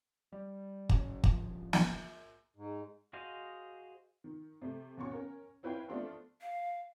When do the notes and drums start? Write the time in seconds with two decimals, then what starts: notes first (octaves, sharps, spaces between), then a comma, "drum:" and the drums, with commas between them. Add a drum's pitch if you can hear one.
0.32 G3
0.89 C#3 F#3 G#3 C#4, drum: kick
1.24 D#1 G#1 C#2 F3, drum: kick
1.73 drum: snare
2.56 G#2
3.13 F#4 G#4 C5 D#5 F5
4.24 D#3
4.62 C3 A3
4.97 D#2 B2 C#4 C#6
5.11 C#4 A#4
5.63 C4 E4 B4 C#5 F5 G5
5.88 A3 B3 C4 D4 F4 A4
6.41 F5